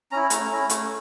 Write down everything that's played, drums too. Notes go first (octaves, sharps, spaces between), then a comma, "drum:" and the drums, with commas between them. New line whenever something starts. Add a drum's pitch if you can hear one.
C#4 E4 A#5
A3 A#5, drum: hi-hat
C#4 E4
A3, drum: hi-hat